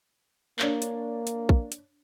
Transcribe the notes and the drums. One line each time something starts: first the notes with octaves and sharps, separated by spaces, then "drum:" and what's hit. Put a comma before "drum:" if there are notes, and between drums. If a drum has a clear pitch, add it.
A#3 D4 C#5, drum: clap
drum: hi-hat
drum: hi-hat
drum: kick
drum: hi-hat